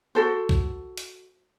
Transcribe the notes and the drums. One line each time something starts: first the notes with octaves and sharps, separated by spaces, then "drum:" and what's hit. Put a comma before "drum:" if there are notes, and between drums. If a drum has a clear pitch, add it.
F#4 A4 C5
drum: kick
drum: hi-hat